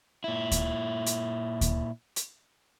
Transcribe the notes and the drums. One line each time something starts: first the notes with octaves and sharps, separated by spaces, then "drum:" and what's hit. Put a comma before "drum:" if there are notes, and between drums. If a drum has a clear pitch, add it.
A#2 E4
drum: kick D2, hi-hat
drum: hi-hat
drum: kick D2, hi-hat
drum: hi-hat